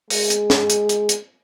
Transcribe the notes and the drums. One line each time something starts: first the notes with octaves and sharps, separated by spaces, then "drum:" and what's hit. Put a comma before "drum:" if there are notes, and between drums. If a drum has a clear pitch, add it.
G#3, drum: open hi-hat
drum: hi-hat
drum: snare
drum: hi-hat
drum: hi-hat
drum: hi-hat